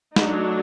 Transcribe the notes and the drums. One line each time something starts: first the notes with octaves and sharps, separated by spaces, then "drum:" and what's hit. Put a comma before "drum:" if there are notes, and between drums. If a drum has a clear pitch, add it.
F#3 A3 D4 D#4, drum: snare